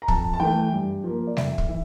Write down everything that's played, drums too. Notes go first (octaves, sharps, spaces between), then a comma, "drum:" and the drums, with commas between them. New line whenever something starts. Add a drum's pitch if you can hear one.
A#5
F2 A5, drum: kick
A5
E3 A3 G5
G2
F3 A#3
D5
F2 E5, drum: snare G3
drum: kick
E3 E5